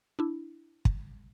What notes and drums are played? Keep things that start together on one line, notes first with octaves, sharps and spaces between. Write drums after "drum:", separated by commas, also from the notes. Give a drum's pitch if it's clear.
D4 E4
drum: kick